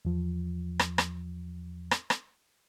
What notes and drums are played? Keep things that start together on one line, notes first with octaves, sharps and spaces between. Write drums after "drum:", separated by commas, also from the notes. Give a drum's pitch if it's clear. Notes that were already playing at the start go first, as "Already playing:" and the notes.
E2 F3
drum: rim click
drum: rim click
drum: rim click
drum: rim click